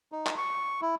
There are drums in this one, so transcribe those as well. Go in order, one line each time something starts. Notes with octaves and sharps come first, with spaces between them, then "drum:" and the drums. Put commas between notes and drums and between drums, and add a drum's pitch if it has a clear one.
D#4
drum: clap
C#6
E4